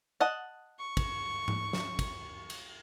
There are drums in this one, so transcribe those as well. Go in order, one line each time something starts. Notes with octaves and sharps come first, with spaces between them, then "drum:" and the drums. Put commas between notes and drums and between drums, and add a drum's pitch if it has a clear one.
D#5 F#5 A5
C#6
drum: kick, cymbal
drum: tom G#2
drum: snare
drum: kick, cymbal
drum: cymbal